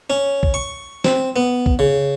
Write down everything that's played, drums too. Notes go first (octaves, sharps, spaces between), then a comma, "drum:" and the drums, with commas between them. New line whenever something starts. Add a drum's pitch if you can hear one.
C#4
drum: kick
C#6
C4, drum: snare
B3
drum: kick
C#3